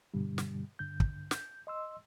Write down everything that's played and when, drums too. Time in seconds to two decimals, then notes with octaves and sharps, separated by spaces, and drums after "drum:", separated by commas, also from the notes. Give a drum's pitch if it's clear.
0.14 G2 B2 D3 G3
0.38 drum: snare
0.79 G2 D3 G6
1.00 drum: kick
1.31 G6, drum: snare
1.67 D#5 C6 E6